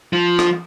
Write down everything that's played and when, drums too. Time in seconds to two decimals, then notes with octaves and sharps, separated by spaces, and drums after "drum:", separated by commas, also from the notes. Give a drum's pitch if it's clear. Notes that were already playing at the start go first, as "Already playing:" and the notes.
0.13 F3
0.39 drum: rim click